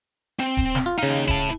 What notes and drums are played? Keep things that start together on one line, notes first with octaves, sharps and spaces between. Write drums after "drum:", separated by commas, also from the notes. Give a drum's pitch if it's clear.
C4, drum: hi-hat
drum: kick D1
drum: snare
F4
D#2 C#3 D#4 F5
drum: hi-hat
E4 A5, drum: kick D1